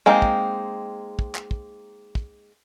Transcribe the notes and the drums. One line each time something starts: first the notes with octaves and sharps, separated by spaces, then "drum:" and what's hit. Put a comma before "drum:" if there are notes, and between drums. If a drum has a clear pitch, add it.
G#3 A#3 C4 D#4
drum: kick
drum: kick
drum: clap
drum: kick
drum: kick